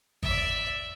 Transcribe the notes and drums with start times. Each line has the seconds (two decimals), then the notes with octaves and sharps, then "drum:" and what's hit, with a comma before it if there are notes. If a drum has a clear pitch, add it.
0.23 D5 E5, drum: kick G#1